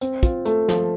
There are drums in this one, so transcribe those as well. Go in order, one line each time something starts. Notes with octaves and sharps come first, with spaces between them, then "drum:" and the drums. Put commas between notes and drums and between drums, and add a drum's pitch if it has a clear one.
C4, drum: hi-hat
F4, drum: kick, hi-hat
A3, drum: hi-hat
F3, drum: snare